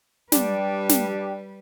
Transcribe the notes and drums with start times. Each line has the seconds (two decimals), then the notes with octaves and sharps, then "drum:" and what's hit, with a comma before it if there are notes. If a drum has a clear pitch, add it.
0.32 G3 D4 G4 B4, drum: snare
0.89 drum: snare